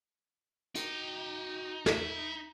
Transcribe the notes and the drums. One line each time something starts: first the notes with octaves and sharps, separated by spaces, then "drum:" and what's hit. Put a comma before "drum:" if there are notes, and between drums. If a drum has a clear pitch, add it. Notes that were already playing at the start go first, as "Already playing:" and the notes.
D#4 F#4 G5, drum: hi-hat
E4, drum: snare